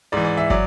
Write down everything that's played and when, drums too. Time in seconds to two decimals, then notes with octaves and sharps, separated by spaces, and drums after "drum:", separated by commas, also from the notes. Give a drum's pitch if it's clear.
0.12 G#2 E3 D5
0.25 D5
0.37 E5
0.50 F#3 D5, drum: kick